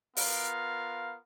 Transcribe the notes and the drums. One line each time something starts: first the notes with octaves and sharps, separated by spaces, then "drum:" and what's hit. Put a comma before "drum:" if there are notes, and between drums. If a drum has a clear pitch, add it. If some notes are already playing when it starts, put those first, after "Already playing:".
B3 F4 A#4 F5, drum: open hi-hat